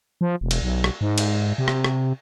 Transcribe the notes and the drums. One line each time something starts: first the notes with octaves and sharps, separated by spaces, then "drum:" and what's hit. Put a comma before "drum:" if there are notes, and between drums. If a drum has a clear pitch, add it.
F3
E1
drum: cymbal
B1
drum: rim click
G#2
drum: cymbal
C3
drum: rim click
drum: rim click